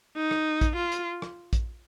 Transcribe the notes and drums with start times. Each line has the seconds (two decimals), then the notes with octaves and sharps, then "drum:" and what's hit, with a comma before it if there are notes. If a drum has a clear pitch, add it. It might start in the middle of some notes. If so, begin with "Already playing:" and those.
0.16 D#4
0.31 drum: rim click
0.61 drum: kick A#1, hi-hat
0.76 F4
0.92 drum: hi-hat
1.22 drum: rim click
1.53 drum: kick A#1, hi-hat